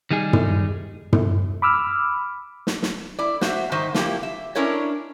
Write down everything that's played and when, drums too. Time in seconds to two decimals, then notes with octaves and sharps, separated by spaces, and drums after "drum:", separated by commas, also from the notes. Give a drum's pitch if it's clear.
0.11 D#3 G3 D#4 G#4
0.33 drum: tom
1.13 drum: tom
1.62 B5 D6 E6 F6
2.67 drum: snare
2.83 drum: snare
3.19 E4 D5
3.41 F#4 C5 E5, drum: snare
3.72 G#2 D#3 D#4 C5 E5
3.94 F3 A#3 E4 G4, drum: snare
4.23 E5
4.55 C#4 D4 E4 A#4 C#5 D#5